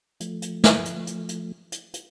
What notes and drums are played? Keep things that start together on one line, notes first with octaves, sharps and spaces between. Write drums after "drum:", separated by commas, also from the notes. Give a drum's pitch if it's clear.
F3 A3, drum: hi-hat
drum: hi-hat
drum: snare
drum: hi-hat
drum: hi-hat
drum: hi-hat
drum: hi-hat
drum: hi-hat